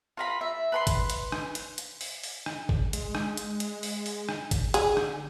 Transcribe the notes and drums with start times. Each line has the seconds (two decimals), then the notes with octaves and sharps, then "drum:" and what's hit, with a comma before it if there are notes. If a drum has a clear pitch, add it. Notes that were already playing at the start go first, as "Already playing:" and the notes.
0.17 F4 A#4 B5
0.41 E5
0.72 B4 B5 C6
0.87 drum: kick, hi-hat
1.10 drum: hi-hat
1.32 drum: rim click
1.55 drum: hi-hat
1.78 drum: hi-hat
2.01 drum: open hi-hat
2.24 drum: open hi-hat
2.46 drum: rim click
2.69 drum: kick
2.93 G#3, drum: hi-hat
3.15 drum: rim click
3.37 drum: hi-hat
3.60 drum: hi-hat
3.83 drum: open hi-hat
4.06 drum: open hi-hat
4.29 drum: rim click
4.51 drum: kick, hi-hat
4.74 D3 G#4, drum: hi-hat
4.97 drum: rim click